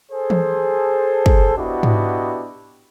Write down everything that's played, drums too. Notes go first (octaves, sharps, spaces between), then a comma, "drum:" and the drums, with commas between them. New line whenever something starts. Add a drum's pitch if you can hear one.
G#4 A4 C5
drum: tom E3
drum: kick
B3 D4 E4 F#4 G4 D#5
drum: tom G#2